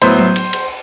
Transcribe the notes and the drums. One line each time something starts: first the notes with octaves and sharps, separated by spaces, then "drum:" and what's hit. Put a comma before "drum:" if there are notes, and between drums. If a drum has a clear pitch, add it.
A2 F#3 B3 E4 C5 C6, drum: cymbal
drum: tom F#3
drum: cymbal
drum: cymbal